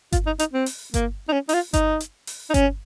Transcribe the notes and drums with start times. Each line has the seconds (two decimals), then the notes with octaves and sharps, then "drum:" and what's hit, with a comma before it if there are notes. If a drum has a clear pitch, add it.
0.12 F4, drum: kick G1, hi-hat
0.26 D#4
0.39 D#4, drum: hi-hat
0.53 C4
0.66 drum: open hi-hat
0.94 A#3, drum: kick G1, hi-hat
1.29 D#4
1.33 C#4
1.49 D#4, drum: open hi-hat
1.54 F4
1.73 D#4, drum: kick G1, hi-hat
2.00 drum: hi-hat
2.27 drum: open hi-hat
2.50 D#4
2.54 C#4, drum: kick G1, hi-hat